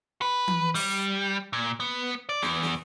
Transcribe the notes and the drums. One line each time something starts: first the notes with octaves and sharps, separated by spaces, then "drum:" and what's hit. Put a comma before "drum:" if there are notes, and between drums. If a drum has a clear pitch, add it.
B4
drum: tom E3
G3, drum: open hi-hat
A#2
B3
D5
E2, drum: snare
drum: snare